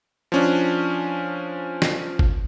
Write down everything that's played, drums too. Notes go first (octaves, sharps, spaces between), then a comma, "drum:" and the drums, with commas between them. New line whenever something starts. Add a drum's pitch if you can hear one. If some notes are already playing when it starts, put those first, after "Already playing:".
F3 C#4 D4
drum: snare
drum: kick